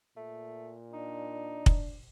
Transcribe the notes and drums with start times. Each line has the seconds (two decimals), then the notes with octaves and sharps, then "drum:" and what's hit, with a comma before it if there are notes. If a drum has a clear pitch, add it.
0.17 A#2 A3
0.93 D4 D#4
1.66 drum: kick